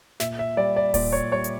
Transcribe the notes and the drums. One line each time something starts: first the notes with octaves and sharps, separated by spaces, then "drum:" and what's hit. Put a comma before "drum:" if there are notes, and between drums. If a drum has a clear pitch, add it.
A#2 E5, drum: snare
E5
G3 D5
D5
A#2 D5, drum: kick D#1, open hi-hat
C#5
G3 C#5
drum: hi-hat